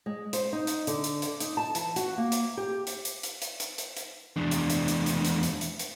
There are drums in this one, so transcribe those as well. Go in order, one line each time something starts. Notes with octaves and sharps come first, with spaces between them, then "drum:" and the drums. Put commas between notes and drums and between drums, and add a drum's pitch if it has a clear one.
G#3
C5, drum: hi-hat
D#4
drum: hi-hat
D3, drum: hi-hat
drum: hi-hat
drum: hi-hat
D#4, drum: hi-hat
A5
E3, drum: hi-hat
F#4, drum: hi-hat
A#3
drum: hi-hat
G4
drum: hi-hat
drum: hi-hat
drum: hi-hat
drum: hi-hat
drum: hi-hat
drum: hi-hat
drum: hi-hat
E2 D4
drum: hi-hat
drum: hi-hat
drum: hi-hat
drum: hi-hat
drum: hi-hat
drum: hi-hat
drum: hi-hat
drum: hi-hat